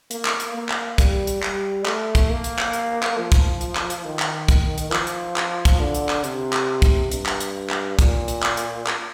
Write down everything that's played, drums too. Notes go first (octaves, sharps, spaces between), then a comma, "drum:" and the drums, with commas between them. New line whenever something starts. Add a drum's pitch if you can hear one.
A#3, drum: hi-hat
drum: clap
drum: hi-hat
A#3
drum: clap
G3, drum: kick, hi-hat
drum: hi-hat
G3, drum: clap
A3, drum: clap
drum: kick, hi-hat
A#3
drum: hi-hat
drum: clap
drum: hi-hat
drum: clap
F3
drum: kick, hi-hat
drum: hi-hat
drum: clap
drum: hi-hat
D#3
drum: clap
drum: kick, hi-hat
drum: hi-hat
F3, drum: clap
drum: hi-hat
drum: clap
drum: kick, hi-hat
D3
drum: hi-hat
drum: clap
C3, drum: hi-hat
drum: clap
drum: kick, hi-hat
G2, drum: hi-hat
drum: clap
drum: hi-hat
drum: clap
A#2, drum: kick, hi-hat
drum: hi-hat
drum: clap
drum: hi-hat
drum: clap